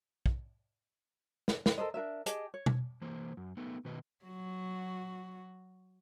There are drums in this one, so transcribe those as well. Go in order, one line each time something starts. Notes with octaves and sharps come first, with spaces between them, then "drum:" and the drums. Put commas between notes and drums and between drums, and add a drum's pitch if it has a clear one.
drum: kick
drum: snare
drum: snare
A4 A#4 C5 D#5
D4 F4 A#4 E5
G4 G#4 D#5 A5, drum: hi-hat
C#5
drum: tom
E3 A#3 C5
F#2
A3 B3 D#4
B2 D#3 B4 D#5
F#3 F#4